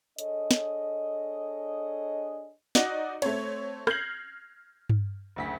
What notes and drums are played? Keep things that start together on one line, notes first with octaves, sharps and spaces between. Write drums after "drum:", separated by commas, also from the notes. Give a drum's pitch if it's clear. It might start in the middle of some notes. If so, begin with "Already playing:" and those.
D4 G#4 A4 C#5 D#5, drum: hi-hat
drum: snare
D#4 F#4 D5 D#5, drum: snare
A3 C4 C#5, drum: cymbal
F6 G6 G#6 A#6 C7 F#7, drum: rim click
drum: tom G2
F#1 D2 B6